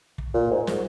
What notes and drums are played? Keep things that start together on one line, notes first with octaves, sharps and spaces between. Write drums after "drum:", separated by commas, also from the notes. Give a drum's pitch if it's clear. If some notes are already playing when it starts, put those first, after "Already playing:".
drum: kick
A#2
G#2
drum: snare